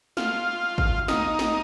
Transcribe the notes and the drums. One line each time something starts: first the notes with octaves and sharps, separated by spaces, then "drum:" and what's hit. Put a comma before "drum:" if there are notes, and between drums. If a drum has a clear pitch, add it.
F4, drum: snare
drum: kick G#1
D#4, drum: snare
drum: snare